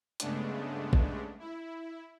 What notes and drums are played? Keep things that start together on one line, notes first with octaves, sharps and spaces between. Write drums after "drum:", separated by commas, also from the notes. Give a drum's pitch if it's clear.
G2 C#3 G#3 A3 B3 D4, drum: hi-hat
drum: kick A#1
E4